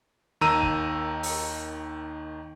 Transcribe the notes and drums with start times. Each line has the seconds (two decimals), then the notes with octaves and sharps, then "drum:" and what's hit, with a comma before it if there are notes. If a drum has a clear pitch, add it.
0.41 D#2 D#3 A#5 E6 D#7
0.63 drum: kick
1.23 drum: open hi-hat